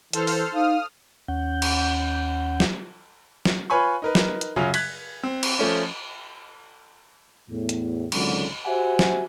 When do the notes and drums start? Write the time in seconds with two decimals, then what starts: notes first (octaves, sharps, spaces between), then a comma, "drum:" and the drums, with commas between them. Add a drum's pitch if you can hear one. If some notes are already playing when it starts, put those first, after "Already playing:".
0.13 E3 A4 C5 F6, drum: hi-hat
0.27 drum: open hi-hat
0.54 D#4 F5 D#6 F6
1.28 D#2 C#4 F#5 G6
1.62 drum: cymbal
2.60 drum: snare
3.45 drum: snare
3.70 F4 B4 C#5 G#5 B5 C#6
4.02 D#4 A#4 B4
4.15 drum: snare
4.41 drum: hi-hat
4.56 F#2 C#3 F#3 C#4 F4
4.74 F#6 G#6 B6, drum: cymbal
5.23 C4
5.43 drum: cymbal
5.59 F3 A3 C#4
7.50 E2 A2
7.69 drum: hi-hat
8.12 G#1 C#2 D3 F#3, drum: cymbal
8.66 F#4 G4 C5 E5 F#5 G#5
8.99 drum: snare